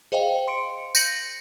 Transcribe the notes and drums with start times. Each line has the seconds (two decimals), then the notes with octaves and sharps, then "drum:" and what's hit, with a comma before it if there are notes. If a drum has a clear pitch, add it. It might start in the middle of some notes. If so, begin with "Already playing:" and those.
0.12 G#4 C5 D#5 F5 G5
0.48 C6 C#7 D7
0.95 G6 A#6 C#7 F#7, drum: tambourine